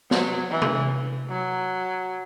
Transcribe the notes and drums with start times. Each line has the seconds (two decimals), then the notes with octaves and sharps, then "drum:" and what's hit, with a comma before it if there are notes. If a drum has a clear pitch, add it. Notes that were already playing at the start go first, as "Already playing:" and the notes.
0.11 F#3, drum: snare
0.50 E3
0.62 drum: tom
1.29 F#3